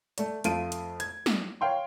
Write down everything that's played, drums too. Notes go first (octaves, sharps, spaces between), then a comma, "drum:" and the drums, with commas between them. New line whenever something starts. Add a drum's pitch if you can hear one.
A3 D5, drum: hi-hat
F2 A3 F4 D7 D#7, drum: hi-hat
drum: hi-hat
G#6, drum: hi-hat
drum: snare
C#5 F5 G5 C6